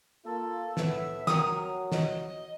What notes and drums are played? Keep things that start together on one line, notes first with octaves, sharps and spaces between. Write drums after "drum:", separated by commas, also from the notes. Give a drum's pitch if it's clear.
A#3 F4 A4
A2 B3 E5, drum: snare
F#3 A#4 D#6, drum: snare
D#5, drum: snare